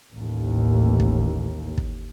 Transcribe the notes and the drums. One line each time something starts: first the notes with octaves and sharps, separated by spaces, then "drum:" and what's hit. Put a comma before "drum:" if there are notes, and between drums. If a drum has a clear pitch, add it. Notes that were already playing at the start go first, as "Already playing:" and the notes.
A1 D#2
drum: kick
drum: kick